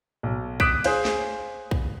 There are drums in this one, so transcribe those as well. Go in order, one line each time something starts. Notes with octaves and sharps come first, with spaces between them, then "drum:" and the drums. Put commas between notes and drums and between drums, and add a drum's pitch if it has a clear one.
B1
D6 D#6 F#6 B6 D7 E7, drum: kick B1
G#4 C5 F5, drum: cymbal
drum: snare
drum: kick B1